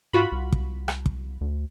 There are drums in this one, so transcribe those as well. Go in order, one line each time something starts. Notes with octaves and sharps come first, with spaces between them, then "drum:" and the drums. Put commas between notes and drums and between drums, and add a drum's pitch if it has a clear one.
G#2 F4 F#4 B5
C2
drum: kick
drum: rim click
drum: kick
D2